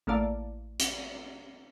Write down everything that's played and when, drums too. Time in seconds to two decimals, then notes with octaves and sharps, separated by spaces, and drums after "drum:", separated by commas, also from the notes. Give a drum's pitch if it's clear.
0.07 A1 A3 A#3 D5 F5 A5
0.80 drum: hi-hat